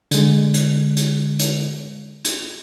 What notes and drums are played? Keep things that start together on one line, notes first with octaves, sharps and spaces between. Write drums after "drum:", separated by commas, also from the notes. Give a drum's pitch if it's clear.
D3 G#3, drum: hi-hat
drum: hi-hat
drum: hi-hat
drum: hi-hat
drum: hi-hat